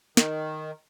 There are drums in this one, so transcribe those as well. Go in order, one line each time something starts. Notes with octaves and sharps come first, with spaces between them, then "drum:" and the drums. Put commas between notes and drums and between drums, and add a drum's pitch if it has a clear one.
D#3, drum: snare